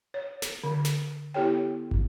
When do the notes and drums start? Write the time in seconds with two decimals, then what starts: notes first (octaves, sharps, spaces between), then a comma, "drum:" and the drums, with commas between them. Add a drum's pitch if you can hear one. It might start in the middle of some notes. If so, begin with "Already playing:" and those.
0.14 C#5
0.42 drum: snare
0.64 D3
0.85 drum: snare
1.34 B3 E4 G4 A4 C#5 G5
1.91 drum: kick